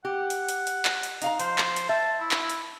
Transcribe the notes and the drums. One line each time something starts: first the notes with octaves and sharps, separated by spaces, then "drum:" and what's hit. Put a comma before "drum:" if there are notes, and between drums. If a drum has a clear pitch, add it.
G4 F#5
drum: hi-hat
drum: hi-hat
drum: hi-hat
drum: clap
drum: hi-hat
D#4 F5 A#5, drum: hi-hat
F3 C5, drum: hi-hat
drum: clap
drum: hi-hat
E5 A5
E4
drum: clap
drum: hi-hat